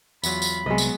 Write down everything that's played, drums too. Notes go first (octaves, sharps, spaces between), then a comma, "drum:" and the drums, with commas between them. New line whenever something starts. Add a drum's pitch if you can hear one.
E2 F#3 F4 B5, drum: tambourine
drum: tambourine
C2 F#3 G#3 B3 D#5
drum: tambourine